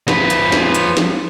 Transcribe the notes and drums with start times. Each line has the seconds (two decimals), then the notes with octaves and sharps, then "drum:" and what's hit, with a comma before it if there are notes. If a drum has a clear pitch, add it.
0.08 F3 B4, drum: snare
0.30 drum: hi-hat
0.52 drum: snare
0.75 drum: hi-hat
0.97 drum: snare